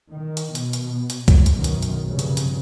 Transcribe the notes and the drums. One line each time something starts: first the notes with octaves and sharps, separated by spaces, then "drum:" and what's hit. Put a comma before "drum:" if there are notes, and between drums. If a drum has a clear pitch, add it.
D#3
drum: hi-hat
B2, drum: hi-hat
drum: hi-hat
drum: hi-hat
drum: kick C2, hi-hat
drum: hi-hat
B1 F#2 D#3
drum: hi-hat
drum: hi-hat
F1 G2 C#3
drum: hi-hat
drum: hi-hat